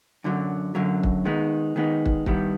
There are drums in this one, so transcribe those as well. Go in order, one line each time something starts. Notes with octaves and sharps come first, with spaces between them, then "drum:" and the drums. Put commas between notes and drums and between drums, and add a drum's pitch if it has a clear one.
F#2 D3 F#3
F#2 D3 F#3
drum: kick
D#3 G#3 B3 D#4
D#3 G#3 B3 D#4
drum: kick
G2 D#3 G3 B3 E4, drum: kick